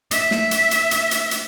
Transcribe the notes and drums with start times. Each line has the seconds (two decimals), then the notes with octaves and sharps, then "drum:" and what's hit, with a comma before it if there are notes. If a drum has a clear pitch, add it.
0.11 E5, drum: hi-hat
0.31 drum: snare
0.51 drum: hi-hat
0.71 drum: hi-hat
0.91 drum: hi-hat
1.11 drum: hi-hat
1.31 drum: hi-hat